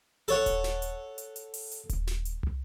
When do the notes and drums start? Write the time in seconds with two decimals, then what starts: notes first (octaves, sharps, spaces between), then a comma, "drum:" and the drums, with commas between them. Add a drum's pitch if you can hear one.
0.28 A4 C#5 F#5, drum: hi-hat
0.46 drum: kick D#1, hi-hat
0.64 drum: snare
0.82 drum: hi-hat
1.18 drum: hi-hat
1.36 drum: hi-hat
1.54 drum: open hi-hat
1.72 drum: hi-hat
1.89 drum: kick D#1, hi-hat
2.07 drum: snare
2.25 drum: hi-hat
2.43 drum: tom